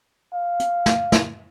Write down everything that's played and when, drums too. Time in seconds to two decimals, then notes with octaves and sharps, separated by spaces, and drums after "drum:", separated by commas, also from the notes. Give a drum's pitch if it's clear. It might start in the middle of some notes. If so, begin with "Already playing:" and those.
0.33 F5
0.60 drum: hi-hat
0.86 drum: snare
1.12 drum: snare